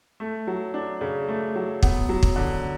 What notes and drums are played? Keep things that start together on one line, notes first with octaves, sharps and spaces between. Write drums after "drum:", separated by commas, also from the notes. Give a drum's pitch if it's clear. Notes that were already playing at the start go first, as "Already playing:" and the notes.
A3
F#3
D4
C#3
A3
F#3
B3, drum: kick
F#3
drum: kick
D3